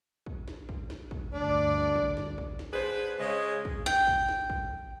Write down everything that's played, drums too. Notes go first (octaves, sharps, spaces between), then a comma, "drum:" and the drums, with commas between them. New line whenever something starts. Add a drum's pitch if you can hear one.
drum: kick
drum: snare
drum: kick
drum: snare
drum: kick
D2 G2 D4 D5
drum: kick
drum: snare
drum: kick
drum: snare
G#2 D4 G#4 B4 C5
C#3 G#3
drum: kick
G5, drum: snare
drum: kick
drum: snare
drum: kick